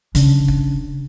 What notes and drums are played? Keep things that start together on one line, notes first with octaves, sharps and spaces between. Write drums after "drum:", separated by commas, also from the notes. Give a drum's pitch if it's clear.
C#3 D4, drum: hi-hat
drum: kick